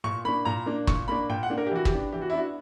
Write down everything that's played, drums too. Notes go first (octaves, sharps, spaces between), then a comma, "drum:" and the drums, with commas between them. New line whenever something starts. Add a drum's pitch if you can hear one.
A#2 C#6
A#3 D4 B5
A#2 A#5
A#3 D4
A#2 C#6, drum: kick
A#3 D4 B5
A#2 G5
F#5
A#3 D4
A#4
G4
E3 F#4
G4, drum: kick
B3 D4
E3 G4
F#4
E4
B3 D4 F#4